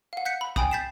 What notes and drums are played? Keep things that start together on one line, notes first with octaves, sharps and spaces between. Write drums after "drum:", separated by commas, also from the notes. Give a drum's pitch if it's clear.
F5 F#5
F#6 G6 B6 C#7
B5
G5 G#5 B5 D#6, drum: kick
G6 A6 B6 C7 E7